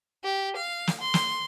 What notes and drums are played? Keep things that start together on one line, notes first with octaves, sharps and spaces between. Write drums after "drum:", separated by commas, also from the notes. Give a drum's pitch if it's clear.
G4
F5
drum: snare
C6
drum: snare